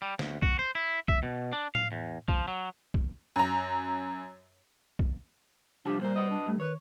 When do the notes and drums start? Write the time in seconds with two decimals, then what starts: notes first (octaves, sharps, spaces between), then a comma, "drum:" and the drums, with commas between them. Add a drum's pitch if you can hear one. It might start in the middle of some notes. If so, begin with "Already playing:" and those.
0.02 G3
0.19 D2, drum: snare
0.42 F#4, drum: kick
0.59 C5
0.75 E4
1.08 E5, drum: kick
1.23 B2
1.53 D4
1.75 F5, drum: tom A2
1.92 E2
2.28 F3, drum: kick
2.48 F#3
2.94 drum: kick
3.36 F#2 A#5
4.99 drum: kick
5.86 C2 F3 D4 G4 A5
6.01 A#2 G3 A#4 C5
6.16 B4 D#5
6.30 D4
6.47 G2 A3
6.60 D#3 B4 C#5